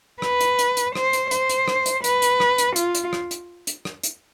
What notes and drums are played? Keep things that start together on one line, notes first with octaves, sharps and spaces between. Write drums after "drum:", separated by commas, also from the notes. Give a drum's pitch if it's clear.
B4, drum: rim click
drum: hi-hat
drum: hi-hat
drum: hi-hat
C5, drum: rim click
drum: hi-hat
C5, drum: hi-hat
drum: hi-hat
drum: rim click
drum: hi-hat
B4, drum: hi-hat
drum: hi-hat
drum: rim click
drum: hi-hat
F4, drum: hi-hat
drum: hi-hat
drum: rim click
drum: hi-hat
drum: hi-hat
drum: rim click
drum: hi-hat